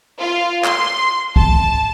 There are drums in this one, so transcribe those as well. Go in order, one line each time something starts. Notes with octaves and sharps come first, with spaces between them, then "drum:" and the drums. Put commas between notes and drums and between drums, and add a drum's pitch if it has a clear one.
F4
C6, drum: clap
A5, drum: kick